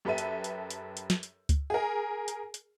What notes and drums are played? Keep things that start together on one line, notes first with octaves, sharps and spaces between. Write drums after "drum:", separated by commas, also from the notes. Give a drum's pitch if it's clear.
F#2 G4 A4 B4 E5 D#7
drum: hi-hat
drum: hi-hat
drum: hi-hat
drum: hi-hat
drum: snare
drum: hi-hat
drum: kick C#2, hi-hat
G#4 A#4
drum: hi-hat
drum: hi-hat